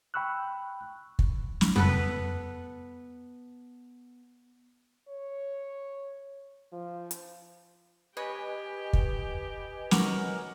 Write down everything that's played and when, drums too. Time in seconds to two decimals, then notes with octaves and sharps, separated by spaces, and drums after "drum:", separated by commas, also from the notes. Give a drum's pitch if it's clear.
0.14 G5 B5 C#6 E6 F#6
1.19 drum: kick
1.61 drum: snare
1.76 B3 A4 B4, drum: tom F2
5.08 C#5
6.72 F3
7.11 drum: hi-hat
8.17 G4 B4 C#5 D#5 G#5
8.93 drum: kick
9.91 F#4 A#4 C#5 D6, drum: snare